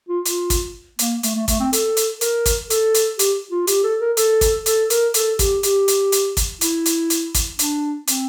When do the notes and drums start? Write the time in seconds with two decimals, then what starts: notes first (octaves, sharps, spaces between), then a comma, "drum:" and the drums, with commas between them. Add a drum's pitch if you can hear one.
0.09 F4
0.26 F4, drum: hi-hat
0.50 drum: kick, hi-hat
0.99 A#3, drum: hi-hat
1.23 A3, drum: hi-hat
1.35 A3
1.48 A3, drum: kick, hi-hat
1.60 C4
1.73 A4, drum: hi-hat
1.97 drum: hi-hat
2.21 A#4, drum: hi-hat
2.46 drum: kick, hi-hat
2.70 A4, drum: hi-hat
2.95 drum: hi-hat
3.19 G4, drum: hi-hat
3.51 F4
3.67 G4, drum: hi-hat
3.84 A4
4.00 A#4
4.17 A4, drum: hi-hat
4.41 drum: kick, hi-hat
4.66 A4, drum: hi-hat
4.90 A#4, drum: hi-hat
5.14 A4, drum: hi-hat
5.39 G4, drum: kick, hi-hat
5.63 G4, drum: hi-hat
5.88 drum: hi-hat
6.12 drum: hi-hat
6.37 drum: kick, hi-hat
6.61 E4, drum: hi-hat
6.86 drum: hi-hat
7.10 drum: hi-hat
7.35 drum: kick, hi-hat
7.59 D4, drum: hi-hat
8.08 C4, drum: hi-hat